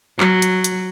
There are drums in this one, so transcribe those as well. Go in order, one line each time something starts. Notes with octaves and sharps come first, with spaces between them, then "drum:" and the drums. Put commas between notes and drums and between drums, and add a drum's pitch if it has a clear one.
F#3, drum: clap
drum: hi-hat
drum: hi-hat